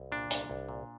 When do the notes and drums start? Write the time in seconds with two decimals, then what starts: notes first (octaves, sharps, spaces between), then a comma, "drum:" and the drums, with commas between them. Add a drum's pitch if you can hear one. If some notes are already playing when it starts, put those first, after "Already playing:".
Already playing: C2
0.12 A#2 D4
0.31 C2, drum: hi-hat
0.50 C2
0.69 A#2